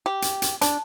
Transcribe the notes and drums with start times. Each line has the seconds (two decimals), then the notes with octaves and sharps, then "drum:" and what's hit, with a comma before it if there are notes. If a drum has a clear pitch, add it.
0.06 G4
0.22 drum: hi-hat
0.42 drum: hi-hat
0.61 D4, drum: hi-hat